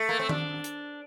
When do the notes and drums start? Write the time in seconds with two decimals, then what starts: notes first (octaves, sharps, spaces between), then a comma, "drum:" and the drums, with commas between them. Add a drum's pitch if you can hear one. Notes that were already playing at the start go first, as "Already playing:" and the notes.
Already playing: A3
0.09 A#3
0.19 C4
0.29 D4, drum: tom D#3
0.64 drum: hi-hat